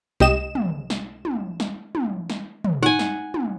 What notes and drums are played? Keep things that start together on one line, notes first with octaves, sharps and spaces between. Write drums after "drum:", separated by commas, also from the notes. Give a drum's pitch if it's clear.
C2 G4 D#5 E7, drum: snare
drum: tom
drum: snare
drum: tom
drum: snare
drum: tom
drum: snare
drum: tom
D#4 F#5 G#5
drum: snare
drum: tom